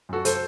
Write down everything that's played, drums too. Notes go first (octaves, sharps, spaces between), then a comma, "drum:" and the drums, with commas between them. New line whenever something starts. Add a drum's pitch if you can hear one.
F#2 F#4 A4
A4 C5, drum: hi-hat